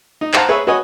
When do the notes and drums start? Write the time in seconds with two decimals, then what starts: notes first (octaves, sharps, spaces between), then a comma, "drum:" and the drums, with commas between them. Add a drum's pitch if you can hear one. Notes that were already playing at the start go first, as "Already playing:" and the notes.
0.21 D#4
0.34 C5 F5 F#5 A5 A#5, drum: clap
0.49 G#4 B4 C#5 E5
0.67 F#4 B4 C#5 D#5 G#5